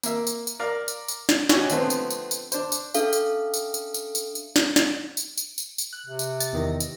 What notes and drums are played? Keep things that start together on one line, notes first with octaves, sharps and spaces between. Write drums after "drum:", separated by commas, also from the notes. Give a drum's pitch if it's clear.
A#3 E5, drum: tambourine
drum: tambourine
drum: tambourine
A#4 D5 F5 A#5
drum: tambourine
drum: tambourine
drum: snare
D#4 F#4 G4 C#5 G#5 C#6, drum: snare
D3 F3 A3 B3 C4, drum: tambourine
drum: tambourine
drum: tambourine
drum: tambourine
D4 C5, drum: tambourine
drum: tambourine
C#4 D4 A4 E5 F5, drum: tambourine
drum: tambourine
drum: tambourine
drum: tambourine
drum: tambourine
drum: tambourine
drum: tambourine
drum: snare
drum: snare
drum: tambourine
drum: tambourine
drum: tambourine
drum: tambourine
F#6
C3
drum: tambourine
A6, drum: tambourine
E2 D#3 A#6
drum: tambourine